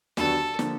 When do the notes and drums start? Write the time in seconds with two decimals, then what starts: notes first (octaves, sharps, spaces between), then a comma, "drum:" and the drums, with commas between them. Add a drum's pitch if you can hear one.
0.17 D#2 D3 F#3 B3 D4 A4, drum: snare
0.59 D3 F3 A#3, drum: snare